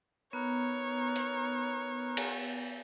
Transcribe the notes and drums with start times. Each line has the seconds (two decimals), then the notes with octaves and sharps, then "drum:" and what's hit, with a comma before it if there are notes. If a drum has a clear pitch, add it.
0.33 B3 D#4 A#4 B4 C#5
1.16 drum: open hi-hat
2.17 drum: cymbal